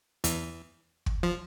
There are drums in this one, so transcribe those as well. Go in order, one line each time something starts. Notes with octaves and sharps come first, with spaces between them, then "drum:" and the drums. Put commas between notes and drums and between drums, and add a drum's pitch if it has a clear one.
E2 E3, drum: hi-hat
drum: kick
F3